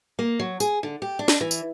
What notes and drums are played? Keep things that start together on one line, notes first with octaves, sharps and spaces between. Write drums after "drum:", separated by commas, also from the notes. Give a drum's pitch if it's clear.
A#3
F#3
G#4, drum: tambourine
D3
G4
D4
drum: snare
E3
drum: tambourine